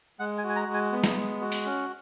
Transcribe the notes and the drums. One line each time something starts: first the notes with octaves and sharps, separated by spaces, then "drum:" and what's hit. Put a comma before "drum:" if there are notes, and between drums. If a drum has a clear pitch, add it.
G#3 F#5
G#5
F#4
G#5
A#5
G#3
G#5
B3
drum: snare
G#3
F#4
drum: open hi-hat
C#4